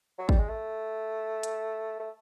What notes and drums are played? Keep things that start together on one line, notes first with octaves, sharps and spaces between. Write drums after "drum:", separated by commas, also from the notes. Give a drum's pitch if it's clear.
F#3
G3, drum: kick
G#3
A3
drum: hi-hat
A3